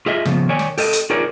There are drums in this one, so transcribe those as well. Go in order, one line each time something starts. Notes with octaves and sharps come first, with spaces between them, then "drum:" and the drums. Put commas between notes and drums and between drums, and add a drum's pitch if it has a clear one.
F4 G4 G#4 D#5 E5
C#3 F3 G#3 A#3 B3, drum: snare
D#3 C#5 D5 G#5
drum: snare
G4 A4 D#5, drum: open hi-hat
drum: hi-hat
D#4 F4 G#4 A#4 C#5 D5